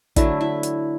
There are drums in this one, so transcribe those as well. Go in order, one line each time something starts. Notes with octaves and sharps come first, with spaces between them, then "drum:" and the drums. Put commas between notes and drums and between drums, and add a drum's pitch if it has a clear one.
D3 F#3 A3 E4, drum: kick, hi-hat
E4
drum: hi-hat